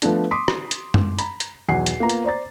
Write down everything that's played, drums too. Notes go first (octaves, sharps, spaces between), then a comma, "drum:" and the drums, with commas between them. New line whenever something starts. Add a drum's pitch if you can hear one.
F3 A3 B3 D4, drum: hi-hat
C6 D6 D#6 B6
drum: rim click
drum: hi-hat
drum: tom F#2
A#5 B5, drum: hi-hat
drum: hi-hat
B1 E2 F#5 G#5 C7
drum: hi-hat
A#3 B3 F4 A#5
drum: hi-hat
C5 D5 A#5 A6